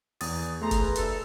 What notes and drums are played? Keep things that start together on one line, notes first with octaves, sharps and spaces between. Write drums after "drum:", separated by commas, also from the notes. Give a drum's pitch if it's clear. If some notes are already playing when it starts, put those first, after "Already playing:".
E2 D#6 A6, drum: open hi-hat
A3 G#4 A#5 C6
drum: kick F#1, hi-hat
B4
G2 C3 A4, drum: hi-hat